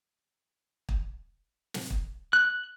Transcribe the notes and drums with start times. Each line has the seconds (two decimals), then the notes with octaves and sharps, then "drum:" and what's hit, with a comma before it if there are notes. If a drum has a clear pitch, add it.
0.89 drum: kick
1.74 drum: snare
1.90 drum: kick
2.33 F#6